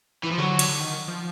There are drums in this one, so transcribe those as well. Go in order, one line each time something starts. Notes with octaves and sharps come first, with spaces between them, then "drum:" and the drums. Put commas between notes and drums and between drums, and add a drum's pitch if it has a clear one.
E3
F3
D3 F#3
drum: cymbal
D3
D#3
F3